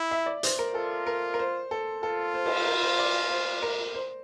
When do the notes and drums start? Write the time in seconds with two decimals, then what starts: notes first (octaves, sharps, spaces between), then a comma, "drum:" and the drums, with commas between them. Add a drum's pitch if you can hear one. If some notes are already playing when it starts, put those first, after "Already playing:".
Already playing: E4
0.11 E5
0.26 D5
0.43 C5, drum: hi-hat
0.59 A#4
0.74 F4 A4
1.06 A#4
1.34 A#4
1.39 C5
1.71 A4
2.03 F4 A4
2.34 C5
2.46 drum: cymbal
2.66 A#4
2.82 C5
2.99 D5
3.30 C5
3.62 A#4
3.95 C5